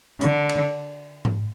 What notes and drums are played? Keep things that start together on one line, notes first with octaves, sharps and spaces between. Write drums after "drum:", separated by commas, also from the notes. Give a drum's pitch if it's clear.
D3, drum: hi-hat
drum: cymbal
drum: tom G#2